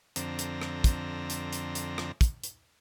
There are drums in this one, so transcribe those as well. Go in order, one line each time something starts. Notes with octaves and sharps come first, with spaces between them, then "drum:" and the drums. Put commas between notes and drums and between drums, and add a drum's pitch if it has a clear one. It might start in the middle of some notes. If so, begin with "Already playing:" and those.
F2 D3 C4 A#5, drum: hi-hat
drum: hi-hat
drum: rim click
drum: kick, hi-hat
drum: hi-hat
drum: hi-hat
drum: hi-hat
drum: rim click
drum: kick, hi-hat
drum: hi-hat